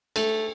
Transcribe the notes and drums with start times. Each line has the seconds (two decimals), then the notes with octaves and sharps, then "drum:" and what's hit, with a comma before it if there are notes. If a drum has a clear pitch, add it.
0.16 A3, drum: cymbal